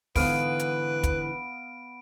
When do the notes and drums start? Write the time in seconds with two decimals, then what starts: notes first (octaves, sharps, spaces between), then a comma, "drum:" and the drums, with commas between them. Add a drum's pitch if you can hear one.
0.16 G#2 D3 E3 B3 B4 F5 D#6 D7, drum: kick, open hi-hat
0.59 drum: hi-hat
1.03 drum: kick, hi-hat